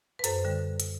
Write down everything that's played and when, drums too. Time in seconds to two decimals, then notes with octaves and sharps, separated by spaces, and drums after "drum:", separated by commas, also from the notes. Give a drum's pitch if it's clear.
0.19 B4
0.24 F#2 A4 C5, drum: hi-hat
0.45 D3 G3
0.80 drum: hi-hat